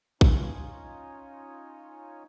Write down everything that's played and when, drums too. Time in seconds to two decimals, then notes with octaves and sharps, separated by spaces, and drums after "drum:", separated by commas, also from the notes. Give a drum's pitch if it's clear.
0.21 C#4 D#4 F4 C#5 D#5 G#5, drum: kick A#1